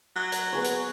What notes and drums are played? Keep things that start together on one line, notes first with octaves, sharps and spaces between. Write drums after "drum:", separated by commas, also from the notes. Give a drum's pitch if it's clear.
F#3
drum: hi-hat
B3 G#4 C#5
drum: hi-hat